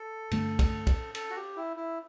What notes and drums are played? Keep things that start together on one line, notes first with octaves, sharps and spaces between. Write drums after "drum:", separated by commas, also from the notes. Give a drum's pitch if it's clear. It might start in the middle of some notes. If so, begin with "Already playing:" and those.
Already playing: A4
G2 D3 A3, drum: cymbal
drum: kick, cymbal
drum: kick, cymbal
A4, drum: cymbal
F#4
G4
E4
E4